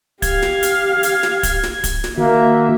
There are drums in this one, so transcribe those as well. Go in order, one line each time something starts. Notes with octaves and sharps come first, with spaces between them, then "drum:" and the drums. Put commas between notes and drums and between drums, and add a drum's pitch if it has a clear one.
G4 F5 G#6, drum: kick, hi-hat
drum: snare
drum: hi-hat
drum: hi-hat
drum: snare
drum: kick, hi-hat
drum: snare
drum: kick, hi-hat
drum: snare
D#3 A#3 F#4 E5